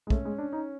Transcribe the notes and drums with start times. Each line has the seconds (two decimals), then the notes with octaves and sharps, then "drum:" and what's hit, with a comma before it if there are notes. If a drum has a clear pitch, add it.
0.07 G#3
0.10 A3 C#4, drum: kick
0.25 G#3
0.38 D4
0.52 D#4